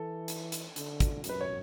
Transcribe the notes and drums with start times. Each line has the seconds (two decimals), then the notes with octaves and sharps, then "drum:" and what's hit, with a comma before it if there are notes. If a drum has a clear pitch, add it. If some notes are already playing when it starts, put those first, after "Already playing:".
Already playing: E3 A4
0.28 drum: hi-hat
0.52 drum: hi-hat
0.76 D3, drum: hi-hat
1.00 drum: kick, hi-hat
1.24 F#2, drum: hi-hat
1.29 B4
1.41 C#5